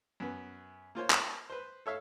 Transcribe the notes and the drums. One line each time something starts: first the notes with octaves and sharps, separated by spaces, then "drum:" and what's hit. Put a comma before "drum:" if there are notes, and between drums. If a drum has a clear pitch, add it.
F#2 B3
A#3 F4 C5 C#5
drum: clap
B4 C5
A4 C#5 E5 F5